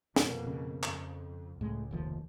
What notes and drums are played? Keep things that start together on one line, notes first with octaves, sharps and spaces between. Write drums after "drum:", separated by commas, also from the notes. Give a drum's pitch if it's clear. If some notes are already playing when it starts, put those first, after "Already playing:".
F2 B2 A#3, drum: snare
C#3
F2, drum: clap
C#2 A2 G#3
F1 D#2 F3